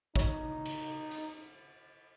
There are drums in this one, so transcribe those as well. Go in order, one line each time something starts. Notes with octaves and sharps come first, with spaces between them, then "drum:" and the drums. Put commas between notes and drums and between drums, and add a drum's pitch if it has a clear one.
D#4 C#5, drum: kick
drum: cymbal
drum: hi-hat